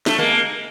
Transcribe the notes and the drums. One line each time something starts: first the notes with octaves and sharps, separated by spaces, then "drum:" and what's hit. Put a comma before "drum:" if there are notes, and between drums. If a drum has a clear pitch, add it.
A3, drum: snare
G#3 A#3